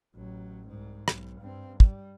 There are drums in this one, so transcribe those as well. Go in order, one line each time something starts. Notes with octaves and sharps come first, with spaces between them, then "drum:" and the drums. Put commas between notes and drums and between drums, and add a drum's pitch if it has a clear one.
A1 F#3
C2 G#2
B1, drum: rim click
G2 C4
G3, drum: kick